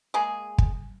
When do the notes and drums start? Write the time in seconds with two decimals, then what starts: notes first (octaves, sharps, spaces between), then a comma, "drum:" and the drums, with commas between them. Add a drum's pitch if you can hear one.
0.14 G#3 A#3 G#4
0.58 drum: kick